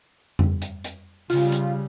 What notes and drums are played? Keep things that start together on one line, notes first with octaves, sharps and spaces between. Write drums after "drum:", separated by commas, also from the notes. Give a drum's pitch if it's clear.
drum: tom F2
drum: hi-hat
drum: hi-hat
C#3 G3 F4, drum: open hi-hat
drum: hi-hat